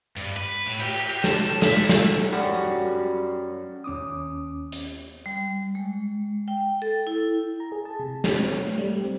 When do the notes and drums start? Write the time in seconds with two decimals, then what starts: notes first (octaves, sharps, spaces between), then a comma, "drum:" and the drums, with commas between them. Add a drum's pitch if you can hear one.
0.17 G2, drum: hi-hat
0.37 B4
0.67 A2
0.80 G4, drum: cymbal
1.10 G4
1.24 A5, drum: snare
1.62 E5, drum: snare
1.76 D#2
1.89 A3, drum: snare
2.33 F#2 G3 F#4
3.84 D#2 C#4 D6 D#6
4.72 drum: hi-hat
5.26 G3
5.75 G#3
6.48 G5
6.82 A4
7.07 E4
7.60 A#5
7.72 G#4
7.85 A5
7.99 C3
8.24 A6, drum: snare
8.36 C4
8.48 C#5
8.66 A3
8.78 G3
8.90 G4
9.04 C4